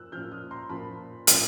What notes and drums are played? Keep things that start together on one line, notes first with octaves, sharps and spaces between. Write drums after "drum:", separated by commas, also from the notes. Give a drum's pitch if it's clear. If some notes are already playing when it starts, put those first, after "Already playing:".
Already playing: A#2 F3 E6 F#6
A#2 F3 F6 G6
D#6 F6
A#5 C6
A#2 F3 A5 B5
A#2 F3, drum: hi-hat